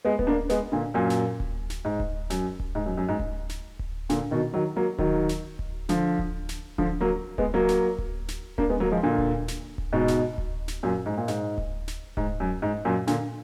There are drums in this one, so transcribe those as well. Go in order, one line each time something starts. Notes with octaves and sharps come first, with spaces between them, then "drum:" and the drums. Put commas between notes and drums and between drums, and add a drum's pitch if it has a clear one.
G#3 B3
B3, drum: kick D1
A#3 D4
G#3 B3, drum: snare
A#2 D3
F#2 A#2
drum: snare
drum: kick D1
drum: snare
G#2
drum: kick D1
F#2, drum: snare
drum: kick D1
G#2
F#2
F#2
G#2
drum: kick D1
drum: snare
drum: kick D1
A#2 D3, drum: snare
B2 D#3
D#3 F#3
F#3 A#3
D#3 F#3, drum: kick D1
drum: snare
drum: kick D1
D3 F3, drum: snare
drum: kick D1
drum: snare
D3 F3, drum: kick D1
F#3 A#3
G#3 B3, drum: kick D1
F#3 A#3
drum: snare
drum: kick D1
drum: snare
A#3 D4, drum: kick D1
G#3 B3
F#3 A#3
F3 G#3
A#2 D3
drum: kick D1
drum: snare
drum: kick D1
G#2 B2
drum: snare
drum: kick D1
drum: snare
F#2 A#2
G#2
A#2
G#2, drum: snare
drum: kick D1
drum: snare
G#2, drum: kick D1
F#2
G#2
F#2 A#2
A#2 D3, drum: snare